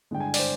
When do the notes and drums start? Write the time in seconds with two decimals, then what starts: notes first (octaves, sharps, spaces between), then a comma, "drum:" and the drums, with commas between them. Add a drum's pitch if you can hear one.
0.11 G2 D3 G#3 G5
0.20 G#5
0.34 D5, drum: open hi-hat
0.39 C5